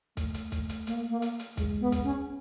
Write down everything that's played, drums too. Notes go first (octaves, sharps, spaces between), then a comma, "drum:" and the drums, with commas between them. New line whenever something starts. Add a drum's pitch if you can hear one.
A3, drum: kick, hi-hat
drum: hi-hat
drum: kick, hi-hat
drum: hi-hat
A#3, drum: hi-hat
A#3
drum: hi-hat
drum: hi-hat
G#3, drum: kick, hi-hat
B3
drum: kick, hi-hat
C#4